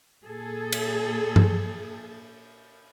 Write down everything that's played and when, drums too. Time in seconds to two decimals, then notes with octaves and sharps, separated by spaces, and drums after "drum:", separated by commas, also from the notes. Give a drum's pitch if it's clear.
0.26 A#2 G#4 A4
0.72 drum: cymbal
1.36 drum: tom G2